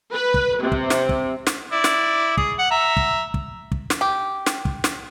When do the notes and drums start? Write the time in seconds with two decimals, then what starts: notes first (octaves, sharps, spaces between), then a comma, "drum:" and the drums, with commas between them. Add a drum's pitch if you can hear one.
0.13 B4
0.34 drum: kick
0.61 C3
0.72 drum: kick
0.90 drum: snare
1.09 drum: kick
1.47 drum: snare
1.72 E4 D5
1.84 drum: snare
2.37 G#4, drum: kick
2.59 F#5
2.71 E5 A#5
2.97 drum: kick
3.34 drum: kick
3.72 drum: kick
3.90 drum: snare
4.01 G4
4.46 drum: snare
4.65 drum: kick
4.84 drum: snare